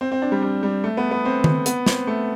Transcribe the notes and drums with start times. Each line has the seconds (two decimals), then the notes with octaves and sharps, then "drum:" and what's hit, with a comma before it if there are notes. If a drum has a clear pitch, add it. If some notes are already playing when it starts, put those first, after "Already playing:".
0.01 C4
0.12 C4
0.22 D4
0.32 G3
0.42 G3
0.63 G3
0.84 A3
0.97 B3
1.11 B3
1.25 C4
1.44 drum: tom D#3
1.66 B3, drum: hi-hat
1.86 C4, drum: snare
2.07 A3